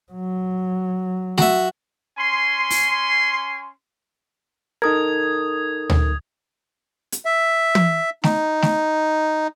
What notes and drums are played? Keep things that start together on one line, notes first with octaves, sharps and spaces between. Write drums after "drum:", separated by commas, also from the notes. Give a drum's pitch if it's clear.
F#3
F#4 E5, drum: snare A3
C#4 G#5 C6
drum: open hi-hat
D#4 A4 A#4 D#6 G#6
drum: tom D2
drum: hi-hat
E5
drum: tom
D#4, drum: snare A3
drum: snare A3